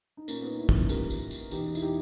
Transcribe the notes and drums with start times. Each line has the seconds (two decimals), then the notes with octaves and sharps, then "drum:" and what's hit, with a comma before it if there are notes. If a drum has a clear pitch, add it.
0.17 D#4
0.28 A#2 A#3 C#4, drum: tambourine
0.42 B3 D#4
0.58 C#4 E4
0.69 drum: kick
0.89 A#2 G4 A#4, drum: tambourine
1.10 drum: tambourine
1.31 drum: tambourine
1.51 E2 B2 D#4 G4, drum: tambourine
1.75 E4, drum: tambourine
1.82 D#4 G4